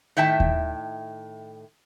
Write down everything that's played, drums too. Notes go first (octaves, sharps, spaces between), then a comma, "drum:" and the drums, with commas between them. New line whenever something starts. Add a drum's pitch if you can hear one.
A2 D#3 E5 G5 A5
drum: kick D#2